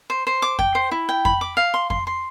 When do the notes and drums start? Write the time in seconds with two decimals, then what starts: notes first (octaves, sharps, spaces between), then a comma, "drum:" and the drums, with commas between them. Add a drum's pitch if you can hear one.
0.10 C5
0.27 C5
0.42 D6
0.59 G5, drum: kick F2
0.75 C5
0.91 E4
1.09 G5
1.25 B5, drum: kick F2
1.41 D6
1.57 F5
1.74 C6
1.90 C6, drum: kick F2
2.07 C6